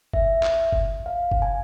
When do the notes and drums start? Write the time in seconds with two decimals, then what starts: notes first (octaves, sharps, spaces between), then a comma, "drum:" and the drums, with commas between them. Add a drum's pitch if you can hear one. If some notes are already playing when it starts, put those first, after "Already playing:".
0.13 E5, drum: kick
0.43 drum: clap
0.72 drum: kick
1.06 F5
1.31 drum: kick
1.42 G#5